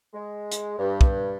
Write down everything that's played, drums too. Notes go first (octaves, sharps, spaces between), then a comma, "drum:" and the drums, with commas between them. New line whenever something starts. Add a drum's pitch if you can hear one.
G#3
drum: hi-hat
G2
drum: kick